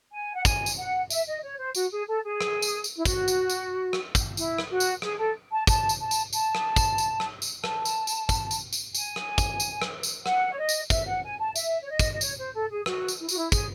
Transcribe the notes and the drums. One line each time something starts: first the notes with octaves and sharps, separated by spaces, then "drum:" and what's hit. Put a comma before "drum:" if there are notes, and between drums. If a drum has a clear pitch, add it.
G#5
F#5
G#5, drum: kick, tambourine
drum: tambourine
F#5
E5, drum: tambourine
D#5
C#5
C5
F#4, drum: tambourine
G#4
A4
G#4
drum: rim click
drum: tambourine
drum: tambourine
E4
F#4, drum: kick, tambourine
drum: tambourine
drum: tambourine
drum: rim click
drum: kick, tambourine
E4, drum: tambourine
drum: rim click
F#4
drum: tambourine
G#4, drum: rim click
A4
A5
A5, drum: kick, tambourine
drum: tambourine
A5
drum: tambourine
A5, drum: tambourine
drum: rim click
drum: kick, tambourine
drum: tambourine
drum: rim click
drum: tambourine
A5, drum: rim click
drum: tambourine
drum: tambourine
drum: kick, tambourine
drum: tambourine
drum: tambourine
G#5, drum: tambourine
drum: rim click
drum: kick, tambourine
drum: tambourine
drum: rim click
drum: tambourine
F#5, drum: rim click
C#5
D#5
drum: tambourine
E5, drum: kick, tambourine
F#5
G#5
A5
E5, drum: tambourine
C#5
D#5
drum: kick, tambourine
D#5
C#5, drum: tambourine
C5
A4
G#4
F#4, drum: rim click
drum: tambourine
E4
F#4, drum: tambourine
E4
G#4, drum: kick, tambourine